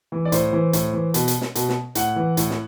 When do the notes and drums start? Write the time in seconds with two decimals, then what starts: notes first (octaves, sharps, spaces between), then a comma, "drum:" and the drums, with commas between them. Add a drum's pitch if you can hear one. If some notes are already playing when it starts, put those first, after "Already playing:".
0.12 E3
0.25 D5
0.32 A2 C5, drum: hi-hat
0.53 E3
0.73 A2, drum: hi-hat
0.93 E3
1.14 B2, drum: hi-hat
1.28 drum: hi-hat
1.41 drum: snare
1.55 B2, drum: hi-hat
1.69 drum: snare
1.95 A2 F#5, drum: hi-hat
2.16 E3
2.37 A2, drum: hi-hat
2.50 drum: snare